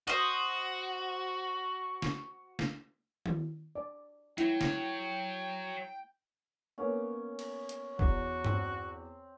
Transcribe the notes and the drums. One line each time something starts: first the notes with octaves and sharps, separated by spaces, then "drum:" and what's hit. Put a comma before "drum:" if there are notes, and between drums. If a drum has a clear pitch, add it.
F#4 C5 D#5
drum: snare
drum: snare
drum: tom D#3
D5
F#3 E4 G5, drum: hi-hat
drum: snare
A#3 B3 C#4
drum: cymbal
drum: hi-hat
E2 F#4, drum: kick A1
C4, drum: tom G2